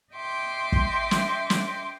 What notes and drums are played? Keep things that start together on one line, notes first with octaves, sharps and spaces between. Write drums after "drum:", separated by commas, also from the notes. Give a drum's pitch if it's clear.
D#5 E5 G5 C6 D6
drum: kick
drum: snare
drum: snare